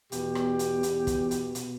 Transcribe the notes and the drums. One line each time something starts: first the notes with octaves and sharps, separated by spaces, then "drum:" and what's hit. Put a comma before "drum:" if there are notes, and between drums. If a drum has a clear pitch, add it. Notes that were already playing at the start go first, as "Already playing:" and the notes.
E2 B2 G4, drum: hi-hat
drum: rim click
drum: hi-hat
E2 B2, drum: hi-hat
drum: kick, hi-hat
drum: hi-hat
B2, drum: hi-hat